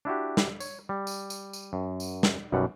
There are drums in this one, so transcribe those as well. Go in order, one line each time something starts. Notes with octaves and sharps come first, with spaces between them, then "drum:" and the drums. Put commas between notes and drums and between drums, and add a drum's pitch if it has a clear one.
D4 E4 F#4 G4
drum: snare
C#5, drum: tambourine
G3
drum: tambourine
drum: tambourine
drum: tambourine
F#2
drum: tambourine
drum: snare
B1 F#2 B2 G3 F#5